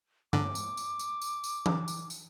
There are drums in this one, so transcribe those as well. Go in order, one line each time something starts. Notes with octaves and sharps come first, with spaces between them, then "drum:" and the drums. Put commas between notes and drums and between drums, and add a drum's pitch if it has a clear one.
D3 D6, drum: tom G2
drum: tambourine
drum: tambourine
drum: tambourine
drum: tambourine
drum: tambourine
drum: tom E3
drum: tambourine
drum: tambourine